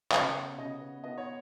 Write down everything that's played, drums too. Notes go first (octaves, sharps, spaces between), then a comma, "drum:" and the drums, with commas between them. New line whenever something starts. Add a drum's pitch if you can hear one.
C#3 C#5, drum: clap
B3
C#3 D#5
B3
B3 D#5
C#5